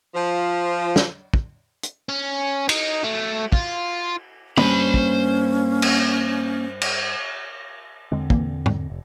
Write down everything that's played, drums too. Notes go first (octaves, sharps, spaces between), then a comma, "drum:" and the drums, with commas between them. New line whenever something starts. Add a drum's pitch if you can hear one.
F3
drum: snare
drum: kick
drum: hi-hat
C#4
D#4, drum: cymbal
A3
F4, drum: kick
G2 A#3 C#4 C5 B5, drum: tom
drum: kick
drum: cymbal
drum: cymbal
E2 D3 G#3 C4
A#2 E3 A#3, drum: kick
drum: tom G#2
F1